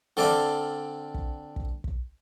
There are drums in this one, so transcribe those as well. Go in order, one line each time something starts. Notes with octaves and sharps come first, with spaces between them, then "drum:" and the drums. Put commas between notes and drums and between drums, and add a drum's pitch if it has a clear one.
D3 C4 A4 D5 F5 D6
drum: kick
drum: kick
drum: kick